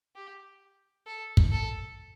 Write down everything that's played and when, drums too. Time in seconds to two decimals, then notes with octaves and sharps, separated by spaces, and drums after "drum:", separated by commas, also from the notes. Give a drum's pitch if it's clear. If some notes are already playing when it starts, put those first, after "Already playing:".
0.16 G4
1.07 A4
1.37 drum: kick
1.52 A4